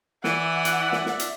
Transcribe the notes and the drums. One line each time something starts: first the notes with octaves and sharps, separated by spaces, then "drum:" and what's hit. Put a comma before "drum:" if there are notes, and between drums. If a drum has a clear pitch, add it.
E3 D5 E5 F#5, drum: snare
drum: hi-hat
drum: snare
drum: snare
drum: hi-hat